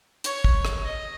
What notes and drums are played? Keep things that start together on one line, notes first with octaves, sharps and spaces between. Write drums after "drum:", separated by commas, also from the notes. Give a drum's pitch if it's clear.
C#5, drum: hi-hat
drum: kick
drum: rim click
D#5